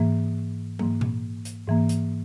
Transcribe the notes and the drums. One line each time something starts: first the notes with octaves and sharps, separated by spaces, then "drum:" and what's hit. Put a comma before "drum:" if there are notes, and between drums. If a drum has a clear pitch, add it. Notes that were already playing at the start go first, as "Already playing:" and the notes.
Already playing: G#2 E3 A#3
G#2 E3 A#3, drum: tom
drum: tom A#2
drum: hi-hat
G#2 E3 A#3
drum: hi-hat